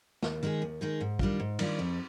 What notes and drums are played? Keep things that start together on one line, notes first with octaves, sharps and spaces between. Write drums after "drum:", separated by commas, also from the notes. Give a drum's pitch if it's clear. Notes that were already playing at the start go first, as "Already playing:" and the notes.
D#2, drum: snare
D#3 G#3 D#4 G#4
D#2
D#3 G#3 D#4 G#4
G#2
D#3 G3 D4 F4, drum: kick
G#2
D#3 G3 D4 F4, drum: cymbal
F2